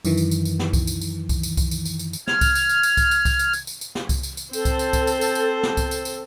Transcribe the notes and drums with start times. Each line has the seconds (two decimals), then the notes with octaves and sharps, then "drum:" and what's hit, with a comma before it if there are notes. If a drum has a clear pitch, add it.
0.05 F#2 D#3 E3, drum: tambourine
0.17 drum: tambourine
0.31 drum: tambourine
0.45 drum: tambourine
0.59 drum: snare
0.73 drum: kick C2, tambourine
0.87 drum: tambourine
1.01 drum: tambourine
1.29 drum: kick C2, tambourine
1.43 drum: tambourine
1.57 drum: kick C2, tambourine
1.71 drum: tambourine
1.85 drum: tambourine
1.99 drum: tambourine
2.13 drum: tambourine
2.27 F6 G#6, drum: snare
2.41 drum: kick C2, tambourine
2.55 drum: tambourine
2.69 drum: tambourine
2.83 drum: tambourine
2.97 drum: kick C2, tambourine
3.11 drum: tambourine
3.25 drum: kick C2, tambourine
3.39 drum: tambourine
3.53 drum: tambourine
3.67 drum: tambourine
3.81 drum: tambourine
3.95 drum: snare
4.09 drum: kick C2, tambourine
4.23 drum: tambourine
4.37 drum: tambourine
4.53 C4 A4 C5, drum: tambourine
4.65 drum: kick C2, tambourine
4.79 drum: tambourine
4.93 drum: kick C2, tambourine
5.07 drum: tambourine
5.21 drum: tambourine
5.35 drum: tambourine
5.63 drum: snare
5.77 drum: kick C2, tambourine
5.91 drum: tambourine
6.05 drum: tambourine